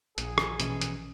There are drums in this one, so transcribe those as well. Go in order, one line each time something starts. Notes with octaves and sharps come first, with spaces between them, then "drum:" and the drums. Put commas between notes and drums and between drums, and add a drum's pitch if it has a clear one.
A#1 G#4, drum: hi-hat
drum: rim click
B2 E3 C#4 A4 D#5, drum: hi-hat
drum: hi-hat